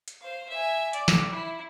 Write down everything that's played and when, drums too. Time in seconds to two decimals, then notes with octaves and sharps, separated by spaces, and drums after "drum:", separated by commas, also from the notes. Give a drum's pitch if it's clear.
0.08 drum: hi-hat
0.21 C5 F5
0.49 E5 G#5
0.93 D5, drum: hi-hat
1.08 drum: snare
1.31 E4